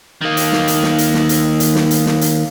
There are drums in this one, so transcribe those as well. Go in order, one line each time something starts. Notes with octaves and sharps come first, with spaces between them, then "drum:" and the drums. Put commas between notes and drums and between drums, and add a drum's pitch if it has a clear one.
D#3 A#3
drum: hi-hat
drum: snare
drum: hi-hat
drum: snare
drum: hi-hat
drum: snare
drum: hi-hat
drum: hi-hat
drum: snare
drum: hi-hat
drum: snare
drum: hi-hat